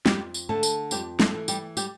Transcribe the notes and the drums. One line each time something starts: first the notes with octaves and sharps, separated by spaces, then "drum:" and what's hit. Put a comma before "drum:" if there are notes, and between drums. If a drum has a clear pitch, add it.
F2 G3 G4, drum: snare
drum: tambourine
D3 A3 A4
drum: tambourine
F2 G3 G4, drum: tambourine
A3 A4, drum: snare
E3
G3 G4, drum: tambourine
G3 G4, drum: tambourine